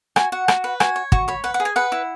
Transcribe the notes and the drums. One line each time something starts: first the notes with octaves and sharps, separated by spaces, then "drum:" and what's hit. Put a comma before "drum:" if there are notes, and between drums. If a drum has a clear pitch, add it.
F#4 G#5, drum: rim click
F#4 F#5
F#4, drum: rim click
B4
F#4 G#5, drum: rim click
C#5
F#4 C#6, drum: kick
C#5 B5
B4 F#5
F#5
G#4
G#5
B4 F#5
E4